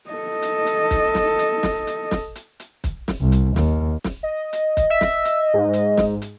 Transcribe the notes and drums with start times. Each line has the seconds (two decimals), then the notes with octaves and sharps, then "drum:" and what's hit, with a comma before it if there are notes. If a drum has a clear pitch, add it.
0.11 A4 D#5
0.42 drum: hi-hat
0.67 drum: hi-hat
0.91 drum: kick, hi-hat
1.15 drum: snare
1.39 drum: hi-hat
1.63 drum: snare
1.87 drum: hi-hat
2.11 drum: snare
2.35 drum: hi-hat
2.60 drum: hi-hat
2.84 drum: kick, hi-hat
3.08 drum: snare
3.21 C2
3.32 drum: hi-hat
3.56 D#2, drum: snare
4.04 drum: snare
4.23 D#5
4.53 drum: hi-hat
4.77 drum: kick, hi-hat
4.90 E5
5.01 drum: snare
5.25 drum: hi-hat
5.54 G#2
5.73 drum: hi-hat
5.98 drum: snare
6.22 drum: hi-hat